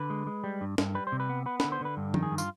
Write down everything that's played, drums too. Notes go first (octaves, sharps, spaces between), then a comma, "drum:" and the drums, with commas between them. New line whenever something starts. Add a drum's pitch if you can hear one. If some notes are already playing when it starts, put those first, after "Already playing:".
Already playing: D3 B4
G#3
G#3
G3
G2
G2, drum: snare
G3 B4
C5
C3
B4
B3
B3 B4
B4, drum: snare
D3
C5
D3 B4
G2
D#3, drum: tom F3
G#4
G2
F4, drum: tambourine